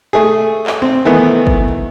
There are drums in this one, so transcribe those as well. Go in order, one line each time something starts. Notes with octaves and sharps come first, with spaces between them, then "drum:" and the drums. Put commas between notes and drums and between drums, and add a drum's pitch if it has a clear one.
A3 G#4
drum: clap
C4
D#3 E3 A3 B3
drum: kick